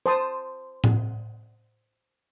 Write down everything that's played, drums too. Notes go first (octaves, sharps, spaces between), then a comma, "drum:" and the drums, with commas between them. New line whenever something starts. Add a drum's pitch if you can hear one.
C5 A5 D#6
drum: tom A2